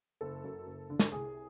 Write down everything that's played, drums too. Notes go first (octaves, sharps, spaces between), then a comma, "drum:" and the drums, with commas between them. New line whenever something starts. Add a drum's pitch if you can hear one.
F#1 A4
F#2
F#1
D3
drum: snare
C2 G#4